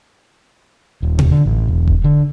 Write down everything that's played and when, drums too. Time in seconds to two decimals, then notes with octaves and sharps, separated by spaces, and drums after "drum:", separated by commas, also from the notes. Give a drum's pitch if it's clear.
1.02 D#1
1.19 drum: tom B2
1.31 D3
1.46 A1
1.68 E1
1.88 drum: kick E1
2.04 D3